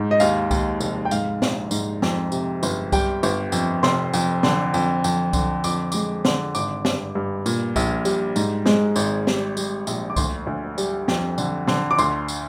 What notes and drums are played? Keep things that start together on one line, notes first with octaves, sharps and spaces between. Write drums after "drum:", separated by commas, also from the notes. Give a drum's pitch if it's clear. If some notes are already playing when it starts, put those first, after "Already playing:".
Already playing: G#2
D#5
D#2 F5, drum: tambourine
D#2, drum: kick C2, tambourine
F1, drum: tambourine
G5
G#2 F5, drum: tambourine
A#1, drum: snare
G#2, drum: tambourine
F2, drum: snare
C3, drum: tambourine
G1, drum: tambourine
G3 G5, drum: kick C2, tambourine
G1, drum: tambourine
F2, drum: tambourine
F1 C6, drum: snare
F2, drum: tambourine
D3, drum: snare
F2, drum: tambourine
F2, drum: tambourine
D3, drum: kick C2, tambourine
F2 D6, drum: tambourine
G#3 D6, drum: tambourine
D3, drum: snare
G#1 D6, drum: tambourine
G2, drum: snare
G2
A#2, drum: tambourine
A#1, drum: kick C2, tambourine
G3, drum: tambourine
G#2, drum: tambourine
G#3, drum: snare
G#1, drum: tambourine
G3, drum: snare
G3, drum: tambourine
A#1, drum: tambourine
D6
D2 C6, drum: kick C2, tambourine
D2
G3, drum: tambourine
F2, drum: snare
D3, drum: tambourine
D3, drum: snare
D6
D2 C6, drum: tambourine
drum: tambourine